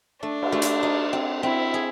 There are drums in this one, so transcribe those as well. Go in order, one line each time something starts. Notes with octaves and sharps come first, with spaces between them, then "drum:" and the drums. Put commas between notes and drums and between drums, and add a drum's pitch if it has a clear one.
A3 D4
drum: cymbal
A3
drum: hi-hat
D#4
C4
C4 E4
G#4